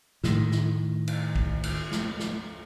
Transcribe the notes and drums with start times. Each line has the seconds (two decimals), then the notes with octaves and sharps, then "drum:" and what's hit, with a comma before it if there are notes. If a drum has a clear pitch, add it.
0.24 A2 D#3, drum: snare
0.52 drum: snare
1.08 drum: cymbal
1.36 drum: kick
1.64 drum: cymbal
1.92 drum: snare
2.20 drum: snare